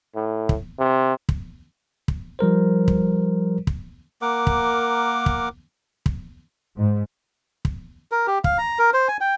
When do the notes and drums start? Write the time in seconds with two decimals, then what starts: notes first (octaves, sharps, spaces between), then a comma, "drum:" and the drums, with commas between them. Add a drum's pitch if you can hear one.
0.16 A2
0.49 drum: kick
0.79 C3
1.29 drum: kick
2.08 drum: kick
2.39 F3 G3 A#4 C5
2.88 drum: kick
3.67 drum: kick
4.22 A#3 A#4 F#5 D6
4.47 drum: kick
5.26 drum: kick
6.06 drum: kick
6.76 G#2
7.65 drum: kick
8.12 A#4
8.27 G4
8.44 F5, drum: kick
8.58 A#5
8.79 A#4
8.94 C5
9.08 G#5
9.21 G5